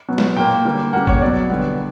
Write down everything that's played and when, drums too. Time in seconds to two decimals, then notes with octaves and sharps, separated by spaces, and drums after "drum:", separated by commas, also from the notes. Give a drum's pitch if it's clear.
0.08 B2 F#3 B3
0.18 drum: snare
0.36 A#2 A#3 G5
0.65 D3 G3 A#3
0.93 C#3 G3 A#3 F#5
1.07 C#5, drum: kick
1.21 B2 F#3 B3 D5
1.49 D3 G3 B3